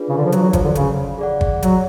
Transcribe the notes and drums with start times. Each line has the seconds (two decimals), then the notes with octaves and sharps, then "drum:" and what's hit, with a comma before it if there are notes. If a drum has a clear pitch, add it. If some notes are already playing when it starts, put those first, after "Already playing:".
Already playing: D4 F4 G#4 B4
0.09 C#3
0.17 D3
0.25 F3
0.32 F#3, drum: hi-hat
0.42 F#3
0.53 F3, drum: kick, hi-hat
0.65 D3
0.75 C#3, drum: hi-hat
1.18 G#4 D5 F#5
1.41 drum: kick
1.63 F#3, drum: hi-hat